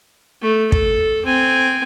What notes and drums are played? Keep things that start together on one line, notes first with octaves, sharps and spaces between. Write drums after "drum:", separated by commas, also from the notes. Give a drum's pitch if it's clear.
A3
A4, drum: kick
C4 G#5